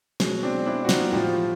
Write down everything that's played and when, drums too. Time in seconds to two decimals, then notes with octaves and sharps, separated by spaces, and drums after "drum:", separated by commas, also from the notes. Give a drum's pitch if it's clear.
0.20 B2 F#3 G#3, drum: snare
0.43 C4 D4
0.66 D4 E4
0.85 F#4
0.89 D#4 F4, drum: snare
1.13 A2 F3 F4 G4, drum: tom E3